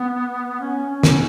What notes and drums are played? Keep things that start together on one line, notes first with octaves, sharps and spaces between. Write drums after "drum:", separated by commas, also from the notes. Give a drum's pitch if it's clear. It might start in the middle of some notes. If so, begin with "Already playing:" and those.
Already playing: B3
C#4
C#4
drum: snare